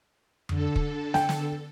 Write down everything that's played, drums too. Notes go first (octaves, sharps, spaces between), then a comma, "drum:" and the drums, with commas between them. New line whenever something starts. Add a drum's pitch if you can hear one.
D3 A4, drum: tom F2
drum: kick
G5, drum: snare
drum: snare